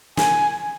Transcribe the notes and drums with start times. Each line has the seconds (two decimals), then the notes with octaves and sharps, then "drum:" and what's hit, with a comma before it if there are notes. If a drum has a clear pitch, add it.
0.17 G#5, drum: snare